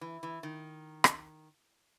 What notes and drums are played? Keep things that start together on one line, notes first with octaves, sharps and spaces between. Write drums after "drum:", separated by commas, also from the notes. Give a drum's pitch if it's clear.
E3
E3
D#3
drum: rim click